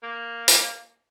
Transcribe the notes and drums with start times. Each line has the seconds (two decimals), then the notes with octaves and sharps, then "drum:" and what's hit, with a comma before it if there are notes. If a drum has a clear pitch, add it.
0.03 A#3
0.48 drum: hi-hat